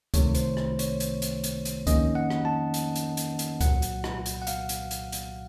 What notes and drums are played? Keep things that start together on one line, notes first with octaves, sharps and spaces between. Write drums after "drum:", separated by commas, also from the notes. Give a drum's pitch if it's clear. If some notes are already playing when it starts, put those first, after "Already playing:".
C2 C3 D#3 A3 C#5, drum: kick C#2, hi-hat
C5, drum: hi-hat
drum: rim click
C#5, drum: hi-hat
drum: hi-hat
drum: hi-hat
drum: hi-hat
drum: hi-hat
F2 D#3 A#3 C#4 D#5, drum: kick C#2, hi-hat
F#5
drum: rim click
A5
drum: hi-hat
drum: hi-hat
drum: hi-hat
drum: hi-hat
C2 A#2 F#3 F#5, drum: kick C#2, hi-hat
drum: hi-hat
drum: rim click
drum: hi-hat
F#5
F5, drum: hi-hat
drum: hi-hat
drum: hi-hat
drum: hi-hat